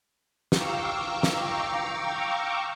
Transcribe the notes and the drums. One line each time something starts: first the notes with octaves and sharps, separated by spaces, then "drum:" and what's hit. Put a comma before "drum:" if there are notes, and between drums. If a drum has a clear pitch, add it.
F5 G5 A#5 C#6 D6 E6, drum: snare
drum: snare